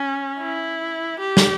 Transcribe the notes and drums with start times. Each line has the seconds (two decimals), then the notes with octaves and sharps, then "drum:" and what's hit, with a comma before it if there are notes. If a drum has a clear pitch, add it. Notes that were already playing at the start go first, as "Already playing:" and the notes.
Already playing: C#4
0.40 E4
1.20 G4
1.37 drum: snare